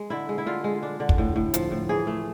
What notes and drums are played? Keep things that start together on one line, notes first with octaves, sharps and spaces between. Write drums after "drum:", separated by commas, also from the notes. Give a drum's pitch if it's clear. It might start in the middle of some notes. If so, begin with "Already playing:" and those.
Already playing: G#3
D3 E4
G#3
E4
D3 F4
G#3
D4
D3
drum: kick
A2
A2
F3, drum: hi-hat
A2
E3 G#4
A3